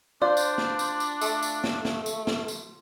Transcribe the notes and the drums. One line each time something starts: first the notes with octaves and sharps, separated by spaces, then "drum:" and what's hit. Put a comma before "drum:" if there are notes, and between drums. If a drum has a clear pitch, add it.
D4 F4 C5 D5
drum: tambourine
drum: snare
drum: tambourine
drum: tambourine
A3, drum: tambourine
drum: tambourine
drum: snare
drum: snare
drum: tambourine
drum: snare
drum: tambourine